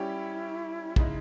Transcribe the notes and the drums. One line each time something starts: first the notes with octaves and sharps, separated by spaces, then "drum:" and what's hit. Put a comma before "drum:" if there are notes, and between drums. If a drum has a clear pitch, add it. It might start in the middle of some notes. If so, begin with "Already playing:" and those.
Already playing: G3 C#4 E4 G4
C#3 G#3 D#4 E4, drum: kick